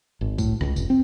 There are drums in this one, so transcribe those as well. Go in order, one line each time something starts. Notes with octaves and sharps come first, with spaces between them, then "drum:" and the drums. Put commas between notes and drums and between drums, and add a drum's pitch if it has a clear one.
G#1
A2, drum: kick B1, tambourine
C#2, drum: rim click
F1, drum: tambourine
C4